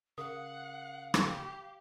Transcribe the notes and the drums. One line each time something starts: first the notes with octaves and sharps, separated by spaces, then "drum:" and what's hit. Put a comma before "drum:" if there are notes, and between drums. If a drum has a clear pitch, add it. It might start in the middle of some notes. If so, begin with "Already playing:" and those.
C#3 A#4 F5 F#5 D#6
G4, drum: rim click